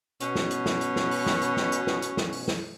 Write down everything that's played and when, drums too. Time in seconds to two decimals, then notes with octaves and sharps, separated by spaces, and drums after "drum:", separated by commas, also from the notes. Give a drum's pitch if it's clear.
0.20 B2 C#4, drum: hi-hat
0.35 drum: snare
0.51 drum: hi-hat
0.66 drum: snare
0.81 drum: hi-hat
0.96 drum: snare
1.11 drum: open hi-hat
1.26 drum: snare
1.42 drum: hi-hat
1.57 drum: snare
1.72 drum: hi-hat
1.87 drum: snare
2.02 drum: hi-hat
2.17 drum: snare
2.32 drum: open hi-hat
2.48 drum: snare